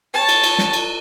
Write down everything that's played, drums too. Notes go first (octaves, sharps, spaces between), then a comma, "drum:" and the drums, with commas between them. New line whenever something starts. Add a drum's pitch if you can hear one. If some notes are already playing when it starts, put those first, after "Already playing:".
C#5 A5
drum: cymbal
drum: cymbal
drum: snare
drum: cymbal